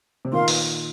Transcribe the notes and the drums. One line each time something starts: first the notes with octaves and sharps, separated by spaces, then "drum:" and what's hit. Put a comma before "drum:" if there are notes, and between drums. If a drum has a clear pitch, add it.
C3
A#2 D#3 A#4 F5 C6
drum: open hi-hat